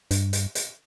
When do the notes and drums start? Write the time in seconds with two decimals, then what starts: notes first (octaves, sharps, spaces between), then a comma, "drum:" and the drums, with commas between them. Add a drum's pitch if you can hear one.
0.11 G2, drum: hi-hat
0.33 drum: hi-hat
0.55 drum: hi-hat